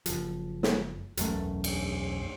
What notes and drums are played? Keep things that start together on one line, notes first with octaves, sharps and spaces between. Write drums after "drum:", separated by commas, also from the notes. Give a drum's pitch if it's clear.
F#1 F3, drum: hi-hat
drum: snare
E1 B1 F#2 A3, drum: hi-hat
drum: cymbal